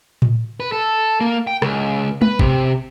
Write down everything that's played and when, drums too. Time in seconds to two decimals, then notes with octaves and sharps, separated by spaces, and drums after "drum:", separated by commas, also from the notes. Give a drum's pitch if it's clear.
0.22 drum: tom A2
0.60 B4
0.72 A4
1.20 A#3
1.47 G5
1.62 C#2, drum: rim click
2.22 B4, drum: tom G#3
2.39 C3, drum: kick G#1